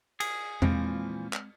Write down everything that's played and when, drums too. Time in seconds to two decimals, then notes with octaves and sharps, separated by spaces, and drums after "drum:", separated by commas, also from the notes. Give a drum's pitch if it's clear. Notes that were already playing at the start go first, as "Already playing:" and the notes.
0.20 G#4, drum: cymbal
0.62 A#2 E3 F3 G#3 C4, drum: tom E2
1.33 drum: clap